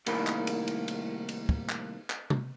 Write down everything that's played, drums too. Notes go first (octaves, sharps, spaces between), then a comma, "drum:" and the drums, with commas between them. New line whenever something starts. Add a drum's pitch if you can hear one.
C2 A2 D#3 A#3 B5, drum: cymbal
drum: clap
drum: cymbal
drum: cymbal
drum: cymbal
drum: cymbal
drum: kick
drum: clap
drum: clap
drum: tom C3